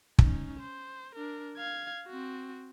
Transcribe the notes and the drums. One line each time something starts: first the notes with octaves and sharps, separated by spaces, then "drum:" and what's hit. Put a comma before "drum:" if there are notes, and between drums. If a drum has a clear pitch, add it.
C#4 D#4, drum: kick
C5
D4 A#4
F5 G#6
C4 F#4